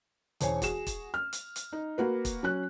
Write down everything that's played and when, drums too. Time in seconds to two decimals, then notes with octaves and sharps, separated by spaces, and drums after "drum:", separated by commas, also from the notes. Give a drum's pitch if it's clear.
0.41 E1 C5 C#5 G#5, drum: hi-hat
0.62 F#4 G#4 E7, drum: kick, hi-hat
0.87 drum: kick, hi-hat
1.14 F6
1.33 drum: hi-hat
1.56 drum: hi-hat
1.73 D#4
1.98 A#3 F#4 B4
2.25 drum: kick, hi-hat
2.43 F#3 C#4 F#6